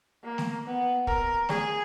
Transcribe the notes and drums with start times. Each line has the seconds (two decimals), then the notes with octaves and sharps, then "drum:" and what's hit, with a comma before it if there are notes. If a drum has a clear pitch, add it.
0.24 A#3
0.38 drum: snare
0.66 B3
1.07 A#4, drum: kick
1.49 G#4, drum: snare